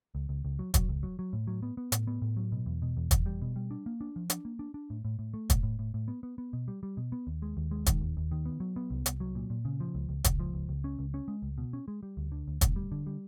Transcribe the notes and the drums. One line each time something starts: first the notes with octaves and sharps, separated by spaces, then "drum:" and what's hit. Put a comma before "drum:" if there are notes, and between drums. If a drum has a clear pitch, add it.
C#2
C#2
C#2
F#3
F#3, drum: kick, hi-hat
C#2
F#3
F#3
A2
F#3
B3
B3
A2, drum: hi-hat
B3
A2
F#3
B2
E2
B2
E2
E2, drum: kick, hi-hat
G3
B2
G3
D4
A#3
D4
F3
D4, drum: hi-hat
A#3
D4
D4
A2
A2
A2
A3
A2, drum: kick, hi-hat
A2
A2
A2
B3
B3
B3
B2
G3
G3
B2
B3
D#2
G#3
D#2
G#3
D#3, drum: kick, hi-hat
D#2
D#2
D#3
B3
F#3
B3
C2
C2, drum: hi-hat
F#3
A#2
A#2
C#3
F3
C#2
C#2
C#2, drum: kick, hi-hat
F3
C#2
C#2
C#4
C#2
C#4
G#3
C#2
B2
C#4
G#3
G3
D2
D3
D2
D2, drum: kick, hi-hat
G3
D3
G3